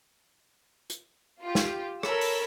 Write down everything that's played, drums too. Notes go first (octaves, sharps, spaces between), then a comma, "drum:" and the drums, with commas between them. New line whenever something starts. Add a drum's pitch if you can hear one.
drum: hi-hat
F4 G4
drum: snare
A4 A#4 C#5 B5 E6, drum: rim click
drum: open hi-hat